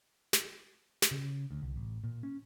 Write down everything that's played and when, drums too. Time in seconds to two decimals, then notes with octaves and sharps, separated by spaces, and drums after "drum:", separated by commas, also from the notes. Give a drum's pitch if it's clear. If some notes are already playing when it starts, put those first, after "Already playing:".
0.33 drum: snare
1.02 drum: snare
1.11 C#3
1.51 D2
1.62 C2
1.76 A1
2.04 A#2
2.23 C#4